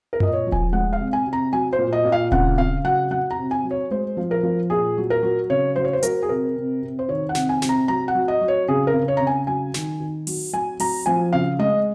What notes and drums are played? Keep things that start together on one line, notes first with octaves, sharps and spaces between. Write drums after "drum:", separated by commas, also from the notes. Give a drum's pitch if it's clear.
A#4
A#2 D#5, drum: tom F#2
C#5
F3
G#5, drum: kick D#1
G#3 F#5
F5
C3
G#5
C3
A#5
F#3 G#5
C5
A#2
D#5
A#2
F5
C#3 F#5, drum: kick D#1
C#3 F5
F#3 F#5
F#3 F#5
A#5
C3
G#5
F#3
C#5
G#3 C5
F3
A#4
F3
A#2 G#4
F#3
A#4
F#3
C#3 C#5
F#3 C5
C#5
C5
F#3 A#4, drum: hi-hat
G#4
C3 A#4
C3
C3
C5
D#3 C#5
F#5
C3, drum: snare
G#5
C3, drum: snare
A#5
F#3 A#5
F#5
F#3
D#5
F#3
C#5
C#3 G#4
A#4
C#3
C#5
C#3 A#5
G#5
F#3 G#5
D#3, drum: snare
D#3
F#3, drum: open hi-hat
F#3 G#5
F#3 A#5, drum: open hi-hat
F3 G#5
C#3 F5
G#3 D#5